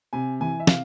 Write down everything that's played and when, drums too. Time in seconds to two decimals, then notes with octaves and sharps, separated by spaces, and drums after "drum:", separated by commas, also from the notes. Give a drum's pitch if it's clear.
0.13 C3 G#5
0.40 E3 G#5
0.60 E5
0.67 C3 F5, drum: snare